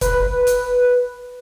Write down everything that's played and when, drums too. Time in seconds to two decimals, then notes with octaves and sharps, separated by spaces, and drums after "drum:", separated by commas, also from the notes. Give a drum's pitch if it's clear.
0.01 B4, drum: kick, hi-hat
0.47 drum: hi-hat